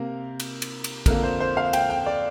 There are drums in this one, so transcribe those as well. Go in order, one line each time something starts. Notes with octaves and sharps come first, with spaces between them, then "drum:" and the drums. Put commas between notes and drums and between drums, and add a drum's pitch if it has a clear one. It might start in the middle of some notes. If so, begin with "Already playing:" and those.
Already playing: C3 A#3 A#4
drum: cymbal
drum: cymbal
drum: cymbal
F2 D3 A#3 A#4, drum: kick, cymbal
C5
C5
F5
G5, drum: cymbal
G5
D5